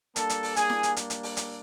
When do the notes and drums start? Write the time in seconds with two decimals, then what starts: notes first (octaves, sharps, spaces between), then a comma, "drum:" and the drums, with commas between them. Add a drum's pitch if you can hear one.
0.16 G3 A#3 D4 A4 A5, drum: hi-hat
0.30 drum: hi-hat
0.43 drum: open hi-hat
0.56 G#4 G#5, drum: hi-hat
0.70 drum: snare E4
0.83 drum: hi-hat
0.96 drum: hi-hat
1.10 drum: hi-hat
1.23 drum: open hi-hat
1.37 drum: hi-hat